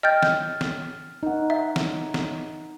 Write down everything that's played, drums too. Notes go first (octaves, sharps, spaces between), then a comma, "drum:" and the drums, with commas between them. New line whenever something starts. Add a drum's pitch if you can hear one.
D#5 G5 F6 G6 A6
drum: snare
drum: snare
D#4 F#5
E5
drum: snare
drum: snare